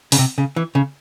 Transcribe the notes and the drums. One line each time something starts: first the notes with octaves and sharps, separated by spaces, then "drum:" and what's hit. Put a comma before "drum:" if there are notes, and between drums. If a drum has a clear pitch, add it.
C#3, drum: open hi-hat
C3
C#3
E3
C#3